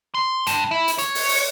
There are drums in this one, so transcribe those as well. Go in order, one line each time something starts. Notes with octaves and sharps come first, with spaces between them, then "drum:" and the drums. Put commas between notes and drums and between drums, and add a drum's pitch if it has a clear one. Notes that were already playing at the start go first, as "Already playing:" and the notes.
C6
G2, drum: hi-hat
E4
drum: hi-hat
C#5, drum: hi-hat
drum: open hi-hat
drum: open hi-hat